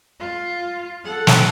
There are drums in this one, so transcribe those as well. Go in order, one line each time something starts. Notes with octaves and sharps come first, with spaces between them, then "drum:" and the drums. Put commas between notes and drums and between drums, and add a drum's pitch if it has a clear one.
F4
A4 F#5
drum: snare